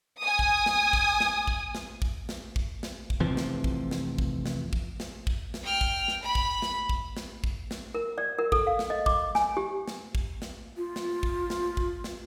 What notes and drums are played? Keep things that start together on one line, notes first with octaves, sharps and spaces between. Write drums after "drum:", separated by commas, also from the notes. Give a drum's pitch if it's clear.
G#5 D#6
drum: kick
drum: snare
drum: kick
drum: snare
drum: kick
drum: snare
drum: kick
drum: snare
drum: kick
drum: snare
drum: kick
F1 C3 E3 F3
drum: snare
drum: kick
drum: snare
drum: kick
drum: snare
drum: kick
drum: snare
drum: kick
drum: snare
G5 F6
drum: kick
drum: snare
B5
drum: kick
drum: snare
drum: kick
drum: snare
drum: kick
drum: snare
A#4
D5
A#4
A4, drum: kick
F5
drum: snare
D#5
D6, drum: kick
G#5, drum: snare
G4
drum: snare
drum: kick
drum: snare
F4
drum: snare
drum: kick
drum: snare
drum: kick
drum: snare